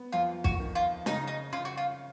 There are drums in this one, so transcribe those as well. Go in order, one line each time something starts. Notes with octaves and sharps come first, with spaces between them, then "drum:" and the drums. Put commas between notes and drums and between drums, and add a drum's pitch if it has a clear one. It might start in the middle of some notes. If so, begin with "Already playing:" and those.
Already playing: B3
F2 F4
F#4, drum: kick
D#3
F4
C#3 D#4, drum: snare
D#4
C#3 F4
F#4
F4